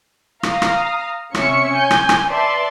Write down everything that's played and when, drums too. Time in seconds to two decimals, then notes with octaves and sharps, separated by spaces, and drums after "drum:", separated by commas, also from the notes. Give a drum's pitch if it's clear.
0.43 F5 A#5 D#6, drum: rim click
0.62 drum: rim click
1.35 C3 C#4 E5 C#6 C#7, drum: rim click
1.74 G#5 G6
1.91 drum: rim click
2.09 drum: rim click
2.29 B4 D5 E5 A5 C6